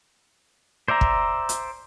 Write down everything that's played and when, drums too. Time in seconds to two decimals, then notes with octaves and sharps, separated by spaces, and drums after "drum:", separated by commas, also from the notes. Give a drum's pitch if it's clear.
0.88 C5 D5 E5 A#5
1.01 drum: kick
1.49 drum: hi-hat